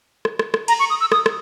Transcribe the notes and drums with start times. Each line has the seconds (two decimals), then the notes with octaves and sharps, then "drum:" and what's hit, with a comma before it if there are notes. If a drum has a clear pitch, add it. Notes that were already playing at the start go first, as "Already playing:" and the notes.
0.25 drum: rim click
0.39 drum: rim click
0.54 drum: rim click
0.68 A#5, drum: cymbal
0.80 C#6
0.90 D#6
1.01 E6
1.12 D#6, drum: rim click
1.26 drum: rim click